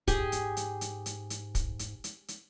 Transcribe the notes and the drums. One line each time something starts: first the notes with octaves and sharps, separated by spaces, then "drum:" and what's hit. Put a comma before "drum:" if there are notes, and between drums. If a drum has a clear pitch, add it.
G#2 G4 G#4 G#5, drum: kick, hi-hat
drum: hi-hat
drum: hi-hat
drum: hi-hat
drum: hi-hat
drum: hi-hat
drum: kick, hi-hat
drum: hi-hat
drum: hi-hat
drum: hi-hat